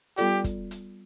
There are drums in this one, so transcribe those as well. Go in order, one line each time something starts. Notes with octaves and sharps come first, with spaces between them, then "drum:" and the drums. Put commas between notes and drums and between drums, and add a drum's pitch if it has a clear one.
G3 B3 F4 G4 A4 D5, drum: hi-hat
drum: kick, hi-hat
drum: hi-hat